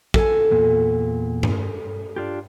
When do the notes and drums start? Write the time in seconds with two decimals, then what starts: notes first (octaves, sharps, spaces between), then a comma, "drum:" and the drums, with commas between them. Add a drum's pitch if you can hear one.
0.14 A4 G#5, drum: kick
0.51 E2 A#2
1.43 drum: tom G2
2.16 D4 F4 G4